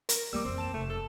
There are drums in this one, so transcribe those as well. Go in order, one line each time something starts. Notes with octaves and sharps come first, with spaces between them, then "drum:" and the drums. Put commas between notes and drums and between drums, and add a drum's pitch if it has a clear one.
A#4, drum: hi-hat
G3 A3 A#3 D6 E6
F2 E3 C4
A5 E7
F1 A3
A4